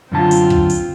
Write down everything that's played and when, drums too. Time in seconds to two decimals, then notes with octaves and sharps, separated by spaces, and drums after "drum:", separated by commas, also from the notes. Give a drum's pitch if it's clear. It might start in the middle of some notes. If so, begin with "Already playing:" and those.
0.12 F#2 D3 C4 F4 A5
0.31 drum: hi-hat
0.50 drum: kick
0.70 drum: hi-hat